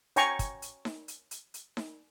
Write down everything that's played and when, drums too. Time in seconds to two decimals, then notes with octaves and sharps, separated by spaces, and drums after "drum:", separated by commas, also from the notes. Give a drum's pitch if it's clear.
0.16 C#5 G5 G#5 A#5 C#6, drum: hi-hat
0.39 drum: kick, hi-hat
0.62 drum: hi-hat
0.85 drum: snare D#4
1.08 drum: hi-hat
1.31 drum: hi-hat
1.54 drum: hi-hat
1.77 drum: snare D#4